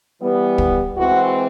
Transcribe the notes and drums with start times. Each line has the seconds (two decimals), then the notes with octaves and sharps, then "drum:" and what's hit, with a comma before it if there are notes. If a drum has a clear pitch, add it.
0.20 E3 G3 B3
0.58 drum: kick
0.97 E3 G#3 C4 F#4